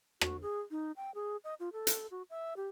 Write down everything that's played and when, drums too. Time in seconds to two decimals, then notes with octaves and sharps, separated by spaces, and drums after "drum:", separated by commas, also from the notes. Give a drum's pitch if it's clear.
0.21 F#4, drum: rim click
0.42 G#4
0.71 D#4
0.97 G5
1.15 G#4
1.44 D#5
1.60 F4
1.73 A4
1.87 drum: hi-hat
2.11 F#4
2.30 E5
2.57 G4